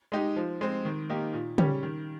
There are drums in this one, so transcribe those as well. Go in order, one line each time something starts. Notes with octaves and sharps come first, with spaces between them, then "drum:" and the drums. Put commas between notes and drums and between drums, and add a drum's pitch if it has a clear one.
G#3 D#4 G4
F3
G#3 C4
D#3
A#3 D#4 G4
A#2
G3 C#4 G4, drum: tom
D#3